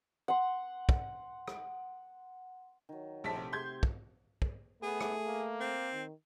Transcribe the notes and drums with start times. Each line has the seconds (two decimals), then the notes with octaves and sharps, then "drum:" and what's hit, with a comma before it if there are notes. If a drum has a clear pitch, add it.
0.28 F#5 C6
0.89 drum: kick
1.48 drum: rim click
2.89 D#3 F#3
3.24 A#1 A3 G4 C5 A5 B6
3.36 C3
3.53 C6 G6 G#6
3.83 drum: kick
4.42 drum: kick
4.83 A3 B3 G#4
5.01 drum: rim click
5.26 A#3
5.60 C4
5.92 D#3